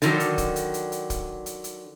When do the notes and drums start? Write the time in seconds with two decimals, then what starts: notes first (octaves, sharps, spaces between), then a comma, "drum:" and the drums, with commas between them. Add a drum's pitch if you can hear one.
0.02 D3 D#3 F#3, drum: hi-hat
0.20 drum: hi-hat
0.38 drum: kick, hi-hat
0.56 drum: hi-hat
0.74 drum: hi-hat
0.92 drum: hi-hat
1.10 drum: kick, hi-hat
1.46 drum: hi-hat
1.64 drum: hi-hat